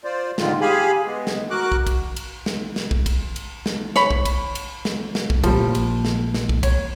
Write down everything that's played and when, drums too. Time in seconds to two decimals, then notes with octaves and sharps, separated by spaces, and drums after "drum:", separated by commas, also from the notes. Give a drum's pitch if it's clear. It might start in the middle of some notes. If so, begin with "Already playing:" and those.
0.04 F4 C5 D5
0.38 G#2 D3 D#3 F4, drum: snare
0.61 G4 G#4 F5 G#5 B5
1.06 G#3 B3
1.27 drum: snare
1.51 F#4 A#4 D6 F#6
1.72 drum: kick
1.87 drum: kick, cymbal
2.16 drum: cymbal
2.46 drum: snare
2.76 drum: snare
2.91 drum: kick
3.06 drum: kick, cymbal
3.36 drum: cymbal
3.66 drum: snare
3.96 C#5 B5, drum: snare
4.11 drum: kick
4.25 drum: kick, cymbal
4.55 drum: cymbal
4.85 drum: snare
5.15 drum: snare
5.30 drum: kick
5.44 A#1 F3 G3, drum: kick, cymbal
5.75 drum: cymbal
6.05 drum: snare
6.34 drum: snare
6.49 drum: kick
6.63 C#5, drum: kick, cymbal